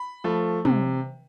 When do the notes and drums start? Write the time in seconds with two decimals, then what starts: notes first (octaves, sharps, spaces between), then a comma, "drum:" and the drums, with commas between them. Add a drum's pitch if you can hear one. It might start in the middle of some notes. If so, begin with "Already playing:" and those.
Already playing: B5
0.24 F3 A3
0.65 C3, drum: tom